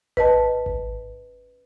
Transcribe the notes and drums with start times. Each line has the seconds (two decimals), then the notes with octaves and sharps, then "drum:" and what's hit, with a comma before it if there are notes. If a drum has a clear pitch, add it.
0.17 B4 D#5 A5, drum: kick G#1
0.66 drum: kick G#1